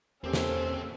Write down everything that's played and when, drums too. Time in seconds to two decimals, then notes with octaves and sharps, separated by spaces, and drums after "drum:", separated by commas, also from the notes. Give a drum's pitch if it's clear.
0.24 E2 A#3 C4 C#4 G4 A4 C5
0.33 drum: snare